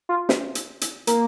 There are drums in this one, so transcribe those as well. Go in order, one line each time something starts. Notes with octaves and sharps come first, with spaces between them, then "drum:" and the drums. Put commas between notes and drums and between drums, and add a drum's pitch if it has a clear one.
F4
drum: snare
drum: hi-hat
drum: hi-hat
A#3, drum: hi-hat